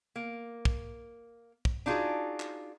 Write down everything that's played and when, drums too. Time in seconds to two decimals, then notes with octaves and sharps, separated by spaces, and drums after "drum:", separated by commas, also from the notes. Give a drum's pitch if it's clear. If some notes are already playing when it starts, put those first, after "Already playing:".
0.16 A#3
0.65 drum: kick
1.65 drum: kick
1.86 D4 D#4 F4 F#4 G#4
2.40 drum: clap